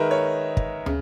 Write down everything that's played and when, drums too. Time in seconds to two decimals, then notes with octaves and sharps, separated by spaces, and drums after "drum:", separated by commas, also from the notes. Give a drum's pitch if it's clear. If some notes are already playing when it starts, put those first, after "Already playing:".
Already playing: D#3 G#3 D#4 A#4 B4 E5
0.11 C#5
0.57 drum: kick
0.86 C#3, drum: tom